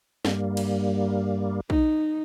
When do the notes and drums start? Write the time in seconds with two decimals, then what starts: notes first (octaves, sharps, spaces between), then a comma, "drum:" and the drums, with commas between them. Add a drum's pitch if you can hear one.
0.25 G2 G3 A#3, drum: snare
0.57 drum: cymbal
1.70 D#4, drum: kick